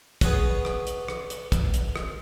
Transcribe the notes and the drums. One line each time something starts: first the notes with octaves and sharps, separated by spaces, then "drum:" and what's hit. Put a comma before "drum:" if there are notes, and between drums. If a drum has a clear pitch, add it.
B3 G#4 C#5 F#5, drum: kick, hi-hat
drum: rim click
drum: hi-hat
drum: rim click
drum: hi-hat
drum: kick, hi-hat
drum: hi-hat
drum: rim click